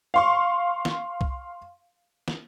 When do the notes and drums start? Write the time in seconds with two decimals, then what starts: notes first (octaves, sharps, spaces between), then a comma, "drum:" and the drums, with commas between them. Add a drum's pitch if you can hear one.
0.14 F5 C6 C#6
0.85 drum: snare
1.21 drum: kick C2
2.28 drum: snare